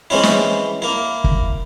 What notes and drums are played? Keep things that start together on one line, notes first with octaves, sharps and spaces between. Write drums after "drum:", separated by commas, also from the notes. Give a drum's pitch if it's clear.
E3 G#3 C4 C#4 E4
drum: snare
A#3 E4
drum: kick